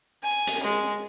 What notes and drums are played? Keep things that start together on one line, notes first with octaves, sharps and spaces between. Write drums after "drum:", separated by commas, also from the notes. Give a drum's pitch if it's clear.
G#5
drum: hi-hat
G#3